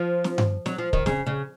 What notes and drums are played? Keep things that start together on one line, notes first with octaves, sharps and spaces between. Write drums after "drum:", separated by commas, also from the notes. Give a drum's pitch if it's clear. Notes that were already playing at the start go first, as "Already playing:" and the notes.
Already playing: F3
drum: snare
drum: tom G2
F#3, drum: snare
F3
D#3, drum: kick
C#3, drum: snare
C#3